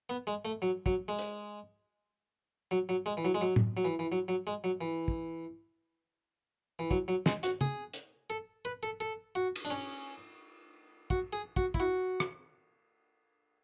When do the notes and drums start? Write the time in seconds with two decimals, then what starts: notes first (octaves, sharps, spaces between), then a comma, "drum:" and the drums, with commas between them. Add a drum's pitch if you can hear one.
0.10 B3
0.27 G#3
0.45 A3
0.62 F#3
0.86 F#3, drum: kick
1.08 G#3
1.19 drum: hi-hat
2.71 F#3
2.89 F#3
3.06 G#3
3.17 E3
3.25 F#3
3.34 G#3
3.41 F#3
3.56 drum: tom A2
3.77 F#3
3.85 E3
3.99 E3
4.12 F#3
4.28 F#3
4.47 G#3
4.64 F#3
4.81 E3
5.08 drum: kick
6.79 E3
6.91 F#3, drum: kick
7.08 F#3
7.26 G#3, drum: snare
7.43 F#4, drum: hi-hat
7.61 G#4, drum: tom
7.93 drum: hi-hat
8.30 A4
8.65 B4
8.83 A4
9.00 A4
9.35 F#4
9.56 drum: cymbal
9.65 D4
9.70 C#4
11.10 F#4, drum: kick
11.33 G#4
11.57 F#4, drum: kick
11.74 E4, drum: kick
11.80 F#4
12.20 drum: rim click